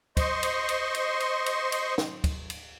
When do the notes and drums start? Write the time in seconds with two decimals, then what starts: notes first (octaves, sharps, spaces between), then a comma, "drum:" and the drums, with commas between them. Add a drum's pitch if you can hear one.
0.17 C5 D#5 C6 C#6, drum: kick, cymbal
0.43 drum: cymbal
0.69 drum: cymbal
0.94 drum: cymbal
1.20 drum: cymbal
1.46 drum: cymbal
1.72 drum: cymbal
1.98 drum: snare
2.24 drum: kick, cymbal
2.50 drum: cymbal